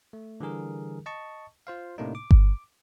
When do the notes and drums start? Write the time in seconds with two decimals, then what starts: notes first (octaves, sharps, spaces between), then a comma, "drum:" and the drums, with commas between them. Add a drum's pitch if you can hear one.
0.13 A3
0.40 D3 E3 G3 G#4 A#4
1.06 D#5 A5 C#6
1.67 F4 C5 F5
1.98 A2 C3 A3 A#3 D4 D#4
2.15 D6
2.31 drum: kick G1